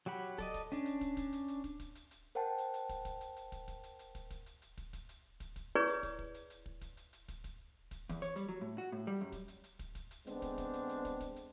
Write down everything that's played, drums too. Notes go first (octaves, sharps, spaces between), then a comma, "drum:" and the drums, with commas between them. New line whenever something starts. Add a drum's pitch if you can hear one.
F#3 G4 F#5 B5
A4 D5 D#5, drum: kick, hi-hat
drum: kick, hi-hat
C#4 D4, drum: hi-hat
drum: hi-hat
drum: kick, hi-hat
drum: kick, hi-hat
drum: hi-hat
drum: hi-hat
drum: kick, hi-hat
drum: kick, hi-hat
drum: hi-hat
drum: hi-hat
A#4 C5 F#5 G5 A5
drum: hi-hat
drum: hi-hat
drum: kick, hi-hat
drum: kick, hi-hat
drum: hi-hat
drum: hi-hat
drum: kick, hi-hat
drum: kick, hi-hat
drum: hi-hat
drum: hi-hat
drum: kick, hi-hat
drum: kick, hi-hat
drum: hi-hat
drum: hi-hat
drum: kick, hi-hat
drum: kick, hi-hat
drum: hi-hat
drum: kick, hi-hat
drum: kick, hi-hat
E4 G#4 B4 C#5 D5 C#6
drum: hi-hat
drum: kick, hi-hat
drum: kick
drum: hi-hat
drum: hi-hat
drum: kick
drum: kick, hi-hat
drum: hi-hat
drum: hi-hat
drum: kick, hi-hat
drum: kick, hi-hat
drum: kick, hi-hat
E2, drum: kick, hi-hat
C#5, drum: hi-hat
G3, drum: hi-hat
F#3
A2
F#4
A2
G3
F#2
drum: kick, hi-hat
drum: hi-hat
drum: hi-hat
drum: kick, hi-hat
drum: kick, hi-hat
drum: hi-hat
D3 G#3 B3 C4 D4, drum: hi-hat
drum: kick, hi-hat
drum: kick, hi-hat
drum: hi-hat
drum: hi-hat
drum: kick, hi-hat
drum: kick, hi-hat
drum: hi-hat